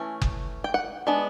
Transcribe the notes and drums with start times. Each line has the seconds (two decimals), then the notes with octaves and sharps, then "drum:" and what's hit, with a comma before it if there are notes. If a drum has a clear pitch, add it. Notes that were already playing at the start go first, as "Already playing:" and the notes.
Already playing: E3 A3 C#4
0.22 drum: kick F#1
0.64 G5
0.74 F#5
1.07 G#3 B3 D4